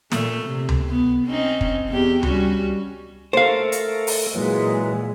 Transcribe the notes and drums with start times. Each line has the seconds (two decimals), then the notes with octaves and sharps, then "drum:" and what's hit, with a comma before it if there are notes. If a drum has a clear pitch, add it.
0.12 A#2 A3, drum: snare
0.43 C3
0.69 drum: tom C#2
0.89 B3
1.27 C4 C#4 D#4
1.61 drum: kick
1.89 E2 G4
2.23 G3 C#4 F#4, drum: tom C#2
3.33 A3 A4 A#4 C5 F5
3.72 drum: hi-hat
4.07 drum: open hi-hat
4.35 A#2 E3 F#3 G#3